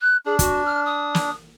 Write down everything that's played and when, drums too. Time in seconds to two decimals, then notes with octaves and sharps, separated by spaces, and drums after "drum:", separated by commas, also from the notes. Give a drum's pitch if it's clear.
0.01 F#6
0.26 D4 G#4
0.39 F#4, drum: kick, hi-hat
0.66 F6
0.86 D#6
1.15 drum: snare